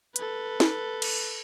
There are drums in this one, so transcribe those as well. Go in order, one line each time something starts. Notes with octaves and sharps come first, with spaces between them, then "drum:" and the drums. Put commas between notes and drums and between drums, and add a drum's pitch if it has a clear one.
A4 B4, drum: hi-hat
drum: snare
drum: cymbal